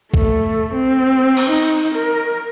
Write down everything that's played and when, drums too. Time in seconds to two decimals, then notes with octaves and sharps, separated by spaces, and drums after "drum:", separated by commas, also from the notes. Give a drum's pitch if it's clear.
0.14 A3, drum: kick A#1
0.74 C4
1.37 drum: cymbal
1.50 D#4
1.94 A#4